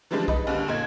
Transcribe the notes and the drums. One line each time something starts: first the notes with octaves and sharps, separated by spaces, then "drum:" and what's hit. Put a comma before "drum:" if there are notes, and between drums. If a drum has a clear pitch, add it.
E3 F3 G3 G#3 D4 F4
D#4 B4 D#5, drum: kick
D#2 D3 G3
G1 A#2 D#4 G#6